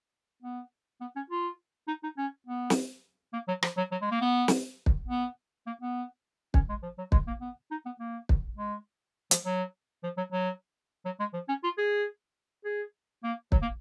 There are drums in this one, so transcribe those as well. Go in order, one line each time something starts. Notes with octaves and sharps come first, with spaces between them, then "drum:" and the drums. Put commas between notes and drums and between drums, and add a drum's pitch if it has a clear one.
B3
B3
C#4
F4
D#4
D#4
C#4
B3
drum: snare
A#3
F#3
F3, drum: rim click
F#3
F#3
G#3
A#3
B3
drum: snare
drum: kick
B3
A#3
B3
C#4, drum: kick
G#3
F3
F#3
G#3, drum: kick
A#3
B3
D#4
B3
A#3
drum: kick
G#3
F3, drum: hi-hat
F#3
F3
F#3
F#3
F#3
G#3
F3
C#4
F4
G#4
G#4
A#3
F#3, drum: kick
A#3